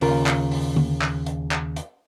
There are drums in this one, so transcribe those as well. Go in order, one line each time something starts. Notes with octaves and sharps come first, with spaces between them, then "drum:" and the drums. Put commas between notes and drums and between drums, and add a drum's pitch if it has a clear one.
D#2 C#3 F4 A#4, drum: open hi-hat
drum: clap
drum: open hi-hat
drum: tom D3
drum: clap
drum: hi-hat
drum: clap
drum: hi-hat